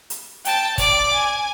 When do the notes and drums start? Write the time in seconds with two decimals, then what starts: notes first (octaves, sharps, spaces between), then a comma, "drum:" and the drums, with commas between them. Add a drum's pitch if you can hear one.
0.10 drum: hi-hat
0.45 G5 A5, drum: hi-hat
0.78 D5 D6, drum: kick, hi-hat
1.13 G#5